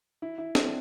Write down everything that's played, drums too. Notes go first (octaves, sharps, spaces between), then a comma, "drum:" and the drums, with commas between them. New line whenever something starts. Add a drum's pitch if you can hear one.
E4
E4
D4, drum: snare
C4